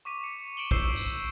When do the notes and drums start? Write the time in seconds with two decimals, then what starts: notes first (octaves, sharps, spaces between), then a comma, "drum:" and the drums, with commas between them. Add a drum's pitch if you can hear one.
0.05 C#6 D6 B6 D#7
0.24 C#7
0.57 D7 E7 F#7 G7
0.71 C#6 E6 G6 C7 E7 G7, drum: kick B1
0.96 drum: tambourine